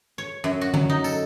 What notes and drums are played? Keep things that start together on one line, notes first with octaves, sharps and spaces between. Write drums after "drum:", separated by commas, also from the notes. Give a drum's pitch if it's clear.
C#5
F#2
F#4
F#3, drum: tom D3
D#4
A4, drum: tambourine